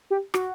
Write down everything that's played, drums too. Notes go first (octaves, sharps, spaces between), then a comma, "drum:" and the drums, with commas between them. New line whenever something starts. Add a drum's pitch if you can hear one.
G4
F#4, drum: rim click